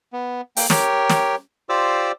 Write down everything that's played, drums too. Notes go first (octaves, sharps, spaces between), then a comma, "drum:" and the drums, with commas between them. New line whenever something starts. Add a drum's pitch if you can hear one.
B3
A#3 G5, drum: open hi-hat
G4 A#4 C#5 G5, drum: snare
drum: snare
F4 G4 C5 D5 D6 E6